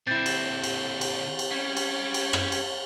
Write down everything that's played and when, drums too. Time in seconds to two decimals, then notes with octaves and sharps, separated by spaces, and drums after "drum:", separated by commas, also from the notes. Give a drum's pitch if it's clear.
0.07 A#2 D3 C4 E4 G6 A6
0.26 drum: cymbal
0.64 drum: cymbal
1.01 drum: cymbal
1.39 drum: cymbal
1.51 G3 C#4
1.77 drum: cymbal
2.14 drum: cymbal
2.33 drum: rim click
2.52 drum: cymbal